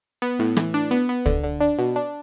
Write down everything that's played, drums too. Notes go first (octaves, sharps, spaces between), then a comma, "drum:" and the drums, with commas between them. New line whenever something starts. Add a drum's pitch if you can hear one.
B3
A2
E3, drum: rim click
D4
B3
B3
D3, drum: kick
D3
D4
B2
D4